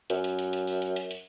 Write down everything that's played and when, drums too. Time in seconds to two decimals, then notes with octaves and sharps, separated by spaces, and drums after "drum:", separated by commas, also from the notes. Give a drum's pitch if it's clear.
0.10 F#2, drum: hi-hat
0.24 drum: hi-hat
0.39 drum: hi-hat
0.53 drum: hi-hat
0.67 drum: open hi-hat
0.82 drum: hi-hat
0.96 drum: hi-hat
1.11 drum: hi-hat